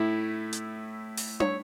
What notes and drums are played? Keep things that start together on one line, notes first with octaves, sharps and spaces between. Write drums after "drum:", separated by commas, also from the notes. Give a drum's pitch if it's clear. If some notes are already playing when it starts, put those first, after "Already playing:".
Already playing: A2 A3 E4
drum: hi-hat
drum: open hi-hat
C#5, drum: tom